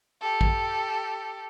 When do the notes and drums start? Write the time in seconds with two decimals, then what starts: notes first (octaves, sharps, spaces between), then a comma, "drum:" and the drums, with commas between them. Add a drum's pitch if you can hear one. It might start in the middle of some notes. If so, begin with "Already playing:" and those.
0.21 G4 A4
0.41 drum: kick